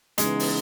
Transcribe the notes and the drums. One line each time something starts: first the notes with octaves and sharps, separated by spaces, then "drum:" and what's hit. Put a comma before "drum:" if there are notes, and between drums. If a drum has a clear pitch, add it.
C#3 E3 G#3 B3 D#4, drum: hi-hat
drum: open hi-hat